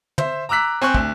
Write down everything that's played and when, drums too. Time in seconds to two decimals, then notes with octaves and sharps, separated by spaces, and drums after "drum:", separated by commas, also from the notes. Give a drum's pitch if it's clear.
0.18 C5 E5, drum: tom
0.49 A#5 D6 E6 F#6 B6
0.82 C4 G#5 C#6 F#6
0.94 D2, drum: kick